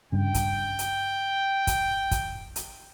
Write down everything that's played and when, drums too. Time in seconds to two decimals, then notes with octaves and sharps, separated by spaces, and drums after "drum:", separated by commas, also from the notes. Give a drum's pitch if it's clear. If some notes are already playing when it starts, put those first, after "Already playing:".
0.12 G2 C#3 G5
0.34 drum: kick, hi-hat
0.79 drum: hi-hat
1.67 drum: kick, hi-hat
2.11 drum: kick, hi-hat
2.56 drum: hi-hat